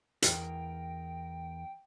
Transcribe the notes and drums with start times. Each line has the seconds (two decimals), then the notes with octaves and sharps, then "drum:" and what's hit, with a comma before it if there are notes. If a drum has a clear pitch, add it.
0.22 E2 A#4 G5, drum: hi-hat